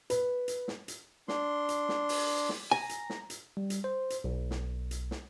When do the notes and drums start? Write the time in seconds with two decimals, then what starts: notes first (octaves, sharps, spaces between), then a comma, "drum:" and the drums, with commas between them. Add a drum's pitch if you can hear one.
0.10 B4, drum: hi-hat
0.48 drum: hi-hat
0.68 drum: snare
0.88 drum: hi-hat
1.28 D4 C6, drum: snare
1.69 drum: hi-hat
1.89 drum: snare
2.09 drum: open hi-hat
2.49 drum: snare
2.72 G#5 A#5
2.89 drum: hi-hat
3.10 drum: snare
3.30 drum: hi-hat
3.57 G3
3.70 drum: hi-hat
3.84 C5
4.10 drum: hi-hat
4.24 B1
4.51 drum: snare
4.91 drum: hi-hat
5.11 drum: snare